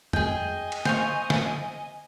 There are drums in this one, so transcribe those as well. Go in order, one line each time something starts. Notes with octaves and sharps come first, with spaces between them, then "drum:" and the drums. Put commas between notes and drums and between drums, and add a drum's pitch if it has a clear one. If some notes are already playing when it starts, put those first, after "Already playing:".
G#4 D#5 G5 G#5, drum: tom F2
drum: cymbal
C5 F5 C#6, drum: snare
drum: snare